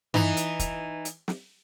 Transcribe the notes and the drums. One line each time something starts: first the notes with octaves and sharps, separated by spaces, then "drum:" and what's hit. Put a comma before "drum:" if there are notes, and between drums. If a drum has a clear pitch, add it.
E3 D#4, drum: tom G2
drum: hi-hat
drum: kick, hi-hat
drum: hi-hat
drum: snare